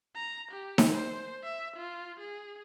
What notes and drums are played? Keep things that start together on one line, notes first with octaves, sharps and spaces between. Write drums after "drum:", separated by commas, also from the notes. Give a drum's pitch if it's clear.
A#5
G4
drum: snare D#4
C5
E5
F4
G#4